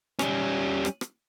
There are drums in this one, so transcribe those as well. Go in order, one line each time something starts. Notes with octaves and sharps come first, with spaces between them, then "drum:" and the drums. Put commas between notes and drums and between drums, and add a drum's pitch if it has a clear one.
G3 C#4, drum: rim click
drum: rim click
drum: rim click